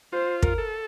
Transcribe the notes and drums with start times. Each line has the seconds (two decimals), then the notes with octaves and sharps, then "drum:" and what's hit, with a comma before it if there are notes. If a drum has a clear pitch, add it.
0.13 F4 C5
0.42 A#4, drum: kick
0.58 A4